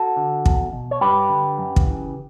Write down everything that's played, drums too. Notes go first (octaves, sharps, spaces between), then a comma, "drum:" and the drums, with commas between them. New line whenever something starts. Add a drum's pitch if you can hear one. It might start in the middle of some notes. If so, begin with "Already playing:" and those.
Already playing: F#4 A4
D3
E2, drum: kick
B2
C#5
G2 G4 B4
D3
F#2
drum: kick
C#3 E3